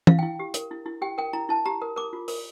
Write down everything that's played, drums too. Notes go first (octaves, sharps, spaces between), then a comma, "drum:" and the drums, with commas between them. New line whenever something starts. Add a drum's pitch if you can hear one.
E4 F5, drum: tom E3
G5
E4
G4
A#4, drum: hi-hat
E4
E4
G4 G5
A#4 G5
E4 A#5
E4 A5
G4 A#5
A#4
A#4 D6
F4
A#4, drum: open hi-hat